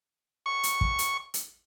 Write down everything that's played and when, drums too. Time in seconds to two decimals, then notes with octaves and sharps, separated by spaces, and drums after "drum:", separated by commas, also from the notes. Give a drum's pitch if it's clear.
0.46 C#6
0.63 drum: hi-hat
0.81 drum: kick
0.99 drum: hi-hat
1.34 drum: hi-hat